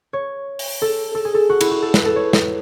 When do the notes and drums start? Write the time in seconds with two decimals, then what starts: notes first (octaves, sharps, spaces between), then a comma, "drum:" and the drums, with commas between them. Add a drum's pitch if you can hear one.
0.13 C#5
0.59 drum: open hi-hat
0.82 A4
1.15 A4
1.25 G#4
1.35 A4
1.50 F#4
1.61 E4, drum: cymbal
1.71 F#4
1.82 A4
1.94 B4, drum: snare
2.06 A4
2.16 C#5
2.33 drum: snare